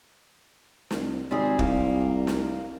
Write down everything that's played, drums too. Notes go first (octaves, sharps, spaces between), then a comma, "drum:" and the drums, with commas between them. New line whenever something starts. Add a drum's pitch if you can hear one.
C2, drum: snare
G#1 G3 C4 G#4
C2 A#3, drum: kick
drum: snare